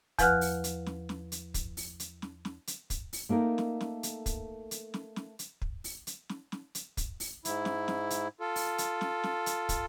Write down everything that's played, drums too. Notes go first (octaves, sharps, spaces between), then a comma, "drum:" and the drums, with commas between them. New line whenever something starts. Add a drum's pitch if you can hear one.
E2 F3 B4 F#5 F6 F#6, drum: kick, hi-hat
drum: open hi-hat
drum: hi-hat
drum: snare
drum: snare
drum: hi-hat
drum: kick, hi-hat
drum: open hi-hat
drum: hi-hat
drum: snare
drum: snare
drum: hi-hat
drum: kick, hi-hat
drum: open hi-hat
A3 A#3 D#4 A#4
drum: snare
drum: snare
drum: hi-hat
drum: kick, hi-hat
drum: hi-hat
drum: snare
drum: snare
drum: hi-hat
drum: kick
drum: open hi-hat
drum: hi-hat
drum: snare
drum: snare
drum: hi-hat
drum: kick, hi-hat
drum: open hi-hat
G#2 E4, drum: hi-hat
drum: snare
drum: snare
drum: hi-hat
F4 A4
drum: open hi-hat
drum: hi-hat
drum: snare
drum: snare
drum: hi-hat
drum: kick, hi-hat